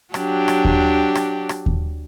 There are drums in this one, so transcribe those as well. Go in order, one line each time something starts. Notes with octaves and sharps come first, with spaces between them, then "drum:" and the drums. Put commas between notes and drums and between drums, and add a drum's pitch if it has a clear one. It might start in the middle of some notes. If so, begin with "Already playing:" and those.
F#3 D4 G4, drum: rim click
drum: rim click
drum: kick D#2
drum: rim click
drum: rim click
drum: kick D#2